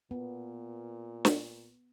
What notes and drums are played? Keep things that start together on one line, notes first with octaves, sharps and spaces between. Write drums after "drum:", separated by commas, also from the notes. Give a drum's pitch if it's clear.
A#2 B3
drum: snare